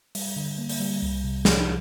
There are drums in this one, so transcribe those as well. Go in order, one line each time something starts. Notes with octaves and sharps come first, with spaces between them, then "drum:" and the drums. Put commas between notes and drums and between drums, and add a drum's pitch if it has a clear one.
G3, drum: open hi-hat
D3
A#3
drum: open hi-hat
G3
C2
C3
F3, drum: snare